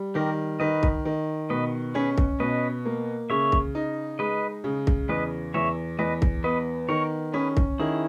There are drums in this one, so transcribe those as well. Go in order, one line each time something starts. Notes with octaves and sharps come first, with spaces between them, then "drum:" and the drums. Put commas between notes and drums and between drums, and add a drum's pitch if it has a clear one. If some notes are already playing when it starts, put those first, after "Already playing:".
Already playing: G3
D#3 G4 A#4
D#3 B4 D#5
drum: kick
D#3
B2 B4 D#5
C#4 G#4 B4
drum: kick
B2 B4 D#5
A#3
C#3 C#5 E5
drum: kick
D#4
G#3 B4 D#5
C#3
drum: kick
E2 B4 D#5
E2 C#5 E5
E2 B4 D#5
drum: kick
B3 B4 D#5
D#3 A#4 C#5
C#4 G#4 B4
drum: kick
D#3 E4 G#4